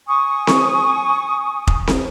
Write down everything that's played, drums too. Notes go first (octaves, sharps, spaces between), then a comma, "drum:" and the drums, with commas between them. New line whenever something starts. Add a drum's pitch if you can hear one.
G#5 C#6 D#6
drum: snare C4
drum: kick F1
drum: snare C4